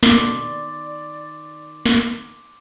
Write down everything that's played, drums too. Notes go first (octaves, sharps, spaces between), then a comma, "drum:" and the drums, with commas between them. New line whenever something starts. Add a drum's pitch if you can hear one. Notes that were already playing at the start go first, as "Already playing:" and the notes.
B2 D3 A#3 D5 C6 D6, drum: snare
D#3
drum: snare